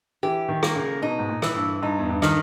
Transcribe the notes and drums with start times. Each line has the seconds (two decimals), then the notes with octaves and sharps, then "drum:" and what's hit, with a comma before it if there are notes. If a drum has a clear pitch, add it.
0.23 E3 G4
0.49 D#3
0.63 A#3, drum: rim click
0.76 C#3
1.02 B2 D#4
1.19 G#2
1.29 A#2
1.42 E3, drum: rim click
1.55 G2
1.82 G2 D#4
1.99 E2
2.09 G2
2.22 D#3, drum: rim click